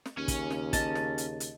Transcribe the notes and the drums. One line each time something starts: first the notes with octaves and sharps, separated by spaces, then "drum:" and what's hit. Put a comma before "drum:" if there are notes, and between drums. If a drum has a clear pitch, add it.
drum: snare
D#2 C#3 C#4 G#5
drum: kick, hi-hat
drum: snare
D#5 A5, drum: kick, hi-hat
drum: snare
drum: hi-hat
drum: hi-hat